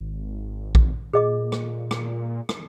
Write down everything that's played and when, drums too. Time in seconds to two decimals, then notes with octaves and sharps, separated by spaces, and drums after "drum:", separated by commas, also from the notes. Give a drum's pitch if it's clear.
0.01 G#1
0.75 drum: kick A#1
1.13 A#2 G#4 D#5 D6
1.52 drum: rim click
1.91 drum: rim click
2.49 drum: rim click